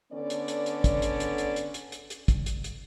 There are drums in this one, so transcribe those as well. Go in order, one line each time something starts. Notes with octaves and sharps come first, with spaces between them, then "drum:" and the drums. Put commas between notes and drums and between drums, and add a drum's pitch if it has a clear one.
D3 B3 C#4 A4 D5
drum: hi-hat
drum: hi-hat
drum: hi-hat
drum: kick, hi-hat
drum: hi-hat
drum: hi-hat
drum: hi-hat
drum: hi-hat
drum: hi-hat
drum: hi-hat
drum: hi-hat
drum: kick, hi-hat
drum: hi-hat
drum: hi-hat